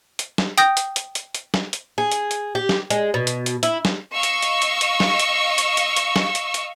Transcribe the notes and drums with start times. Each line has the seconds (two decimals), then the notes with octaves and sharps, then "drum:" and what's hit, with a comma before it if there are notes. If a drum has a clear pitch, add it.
0.19 drum: hi-hat
0.38 drum: snare
0.58 G5 D#6 G6 A#6, drum: hi-hat
0.77 drum: hi-hat
0.96 drum: hi-hat
1.15 drum: hi-hat
1.35 drum: hi-hat
1.54 drum: snare
1.73 drum: hi-hat
1.98 G#4
2.12 drum: hi-hat
2.31 drum: hi-hat
2.55 G4
2.69 drum: snare
2.90 G#3, drum: hi-hat
3.14 B2
3.27 drum: hi-hat
3.46 drum: hi-hat
3.63 E4, drum: hi-hat
3.85 drum: snare
4.14 D#5 F5 C#6 E6
4.23 drum: hi-hat
4.42 drum: hi-hat
4.62 drum: hi-hat
4.81 drum: hi-hat
5.00 drum: snare
5.19 drum: hi-hat
5.58 drum: hi-hat
5.77 drum: hi-hat
5.96 drum: hi-hat
6.16 drum: snare
6.35 drum: hi-hat
6.54 drum: hi-hat